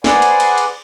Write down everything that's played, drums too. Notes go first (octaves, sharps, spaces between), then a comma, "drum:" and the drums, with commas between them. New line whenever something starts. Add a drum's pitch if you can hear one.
G#4 B4 C5 D5 F#5 G#5, drum: snare
drum: cymbal
drum: cymbal
drum: cymbal